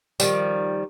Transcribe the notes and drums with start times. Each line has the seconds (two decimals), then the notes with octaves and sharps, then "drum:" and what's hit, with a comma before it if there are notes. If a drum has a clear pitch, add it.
0.20 D#3 F3 G3, drum: tambourine